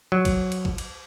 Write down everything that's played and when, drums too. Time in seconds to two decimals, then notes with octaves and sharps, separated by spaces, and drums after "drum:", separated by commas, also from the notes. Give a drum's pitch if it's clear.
0.12 F#3
0.25 drum: kick C2, cymbal
0.52 drum: cymbal
0.65 drum: kick C2
0.78 drum: cymbal